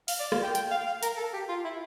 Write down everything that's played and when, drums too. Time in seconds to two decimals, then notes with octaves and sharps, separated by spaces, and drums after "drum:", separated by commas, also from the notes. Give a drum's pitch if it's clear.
0.08 F5, drum: open hi-hat
0.20 D5
0.32 F5, drum: rim click
0.43 G5
0.55 G5, drum: hi-hat
0.71 F5
0.86 F5
1.03 A#4, drum: hi-hat
1.17 A4
1.33 G4
1.49 F4
1.64 E4